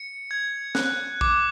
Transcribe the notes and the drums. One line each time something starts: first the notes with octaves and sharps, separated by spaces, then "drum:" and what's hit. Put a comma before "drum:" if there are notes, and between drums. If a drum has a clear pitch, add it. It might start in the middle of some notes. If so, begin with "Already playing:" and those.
Already playing: C#7
G#6
F#6, drum: snare
D6, drum: kick